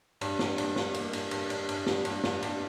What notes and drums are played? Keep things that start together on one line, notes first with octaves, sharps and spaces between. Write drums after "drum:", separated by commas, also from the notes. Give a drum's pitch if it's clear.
G2, drum: cymbal
G2, drum: snare
G2, drum: cymbal
G2, drum: snare
A#3, drum: cymbal
G2, drum: cymbal
G2, drum: cymbal
G2, drum: cymbal
G2, drum: cymbal
G3, drum: snare
G2, drum: cymbal
G2, drum: snare
G2, drum: cymbal